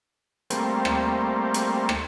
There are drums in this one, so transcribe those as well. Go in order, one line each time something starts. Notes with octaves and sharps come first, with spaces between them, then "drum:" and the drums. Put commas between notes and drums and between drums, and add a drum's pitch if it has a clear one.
G3 A3 A#3 C4, drum: hi-hat
drum: rim click
drum: hi-hat
drum: rim click